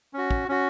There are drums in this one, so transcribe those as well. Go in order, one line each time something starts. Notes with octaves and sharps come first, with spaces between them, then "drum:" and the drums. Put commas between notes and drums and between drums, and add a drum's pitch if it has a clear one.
C#4 F#4
drum: kick
C#4 F#4